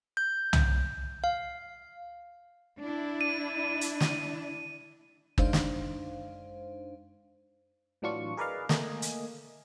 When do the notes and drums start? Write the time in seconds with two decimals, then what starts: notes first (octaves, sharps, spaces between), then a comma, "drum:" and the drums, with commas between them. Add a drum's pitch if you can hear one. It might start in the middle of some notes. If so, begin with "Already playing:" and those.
0.17 G6
0.53 drum: tom C2
1.24 F5
2.79 D4 E4
3.21 D#7
3.81 drum: hi-hat
4.00 drum: snare
5.38 F#2 G#3 D4 D#4 C5 F5, drum: kick
5.53 drum: snare
8.02 A2 E3 F#3 D4 F4 C#6
8.37 G#4 A#4 B4 D5 D#5 F5
8.69 A3 A#3 D#5 G#5, drum: snare
9.02 drum: hi-hat